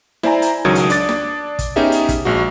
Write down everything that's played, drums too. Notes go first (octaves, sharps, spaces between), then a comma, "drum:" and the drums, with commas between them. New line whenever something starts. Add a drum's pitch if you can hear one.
E4 C5 D5 G#5 A#5, drum: snare
drum: hi-hat
C#2 D#3 F#3 D#6 G#6 C#7
drum: hi-hat
D4 D6 A6, drum: hi-hat
drum: snare
drum: kick, hi-hat
B3 C#4 D#4 G4 G#4 E5
drum: hi-hat
drum: kick, hi-hat
A#1 G#3 F#4